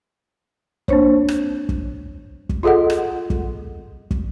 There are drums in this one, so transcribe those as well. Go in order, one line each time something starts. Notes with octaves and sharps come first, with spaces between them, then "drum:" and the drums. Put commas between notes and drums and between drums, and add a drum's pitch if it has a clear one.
A#3 C4 D4 C5 C#5, drum: kick
drum: rim click
drum: kick
drum: kick
F4 G#4 A4 D#5 F#5
drum: rim click
drum: kick
drum: kick